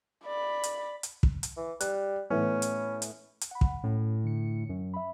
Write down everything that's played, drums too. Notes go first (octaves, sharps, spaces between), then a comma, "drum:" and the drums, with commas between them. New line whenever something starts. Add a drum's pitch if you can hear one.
D5 B5
drum: hi-hat
drum: hi-hat
drum: kick
drum: hi-hat
E3
G3 F#6, drum: hi-hat
A2 E3 B3 C#4
drum: hi-hat
drum: hi-hat
drum: hi-hat
F#5 B5
drum: kick
A2 C#4
D3 C#7
F#2
E5 B5